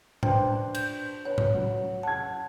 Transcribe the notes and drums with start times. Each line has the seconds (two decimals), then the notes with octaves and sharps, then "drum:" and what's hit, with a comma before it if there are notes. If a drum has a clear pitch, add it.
0.23 D4 B4 C5 G5, drum: tom G#2
0.75 G6, drum: cymbal
1.25 B4 C#5
1.38 drum: tom G#2
1.55 F#3
2.03 F#5 A5 G#6